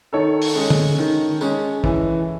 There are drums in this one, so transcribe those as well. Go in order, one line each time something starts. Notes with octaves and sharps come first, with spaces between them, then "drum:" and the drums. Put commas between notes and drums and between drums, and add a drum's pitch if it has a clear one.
D#3 A4 C#5
drum: open hi-hat
G#3 C#4
drum: tom
D#3
G#3 C#4, drum: tambourine
E3, drum: kick